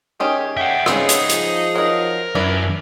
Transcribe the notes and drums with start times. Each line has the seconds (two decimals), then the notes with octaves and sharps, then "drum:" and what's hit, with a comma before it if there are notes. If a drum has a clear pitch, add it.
0.20 D#3 C#4 G4 G#4
0.57 E5 F#5 G5
0.86 C#3 G#3 B3 C4 D#4 G#4, drum: rim click
1.09 drum: hi-hat
1.30 F3, drum: hi-hat
1.76 F#3 D#4 A#4
2.35 F#2 D4 E4 B4